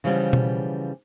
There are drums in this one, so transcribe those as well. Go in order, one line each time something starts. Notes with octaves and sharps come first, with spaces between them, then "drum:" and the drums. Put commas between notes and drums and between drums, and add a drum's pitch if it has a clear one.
C#3 E3 F3 G3 B3 C#4
drum: tom B2